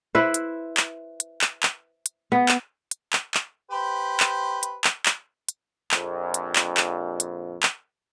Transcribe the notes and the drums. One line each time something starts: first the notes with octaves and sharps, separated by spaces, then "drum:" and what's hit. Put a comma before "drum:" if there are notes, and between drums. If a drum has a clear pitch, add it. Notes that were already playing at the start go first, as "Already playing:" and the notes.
E4 B4 C5
drum: hi-hat
drum: clap
drum: hi-hat
drum: clap
drum: clap
drum: hi-hat
B3
drum: clap
drum: hi-hat
drum: clap
drum: clap
G4 B4 C5
drum: clap
drum: hi-hat
drum: clap
drum: clap
drum: hi-hat
A#1 F2, drum: clap
drum: hi-hat
drum: clap
drum: clap
drum: hi-hat
drum: clap